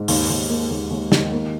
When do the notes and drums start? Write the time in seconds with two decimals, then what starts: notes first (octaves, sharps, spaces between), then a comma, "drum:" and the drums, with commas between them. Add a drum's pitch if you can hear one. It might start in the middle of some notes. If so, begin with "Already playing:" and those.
Already playing: G#2
0.08 D#2, drum: open hi-hat
0.29 D#2
0.49 A#3
0.70 D#2
0.91 D#2
1.12 D#3, drum: snare
1.32 A#3